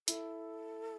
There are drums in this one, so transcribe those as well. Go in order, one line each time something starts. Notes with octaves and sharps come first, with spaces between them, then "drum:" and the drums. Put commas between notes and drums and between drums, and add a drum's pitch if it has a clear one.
E4 A4, drum: hi-hat